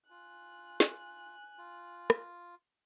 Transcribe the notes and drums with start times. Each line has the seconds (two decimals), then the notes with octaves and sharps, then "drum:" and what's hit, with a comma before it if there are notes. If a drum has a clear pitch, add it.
0.10 F4 G#5 F#6
0.80 drum: snare
1.58 F4
2.10 drum: rim click